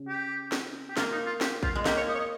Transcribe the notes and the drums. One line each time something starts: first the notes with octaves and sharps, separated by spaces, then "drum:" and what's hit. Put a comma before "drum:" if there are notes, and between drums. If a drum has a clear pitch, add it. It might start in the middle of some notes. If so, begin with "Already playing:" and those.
Already playing: C#3
G4
drum: snare
G4
A#3 F4, drum: snare
D#4
F4
G4, drum: snare
F4, drum: kick
G#3
A#3 G4, drum: snare
C#5
D#5
C#5
D#5